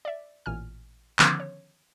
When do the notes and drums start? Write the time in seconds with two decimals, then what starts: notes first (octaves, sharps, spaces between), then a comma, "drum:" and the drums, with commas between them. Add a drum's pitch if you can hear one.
0.05 D5 E5
0.46 A1 A#2 G#5 F6
1.19 D3 D#3 F3 B3 C#4, drum: clap
1.40 C#5